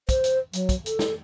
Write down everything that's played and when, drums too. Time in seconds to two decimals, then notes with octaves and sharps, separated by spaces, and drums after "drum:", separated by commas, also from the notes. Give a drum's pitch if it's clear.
0.09 C5, drum: kick, hi-hat
0.24 drum: hi-hat
0.53 F#3, drum: hi-hat
0.69 drum: kick, hi-hat
0.86 A4, drum: hi-hat
0.99 drum: snare